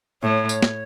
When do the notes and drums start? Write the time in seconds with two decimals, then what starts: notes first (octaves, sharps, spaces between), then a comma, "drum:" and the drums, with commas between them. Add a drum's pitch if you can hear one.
0.22 A2 C#5
0.49 drum: tambourine
0.63 drum: snare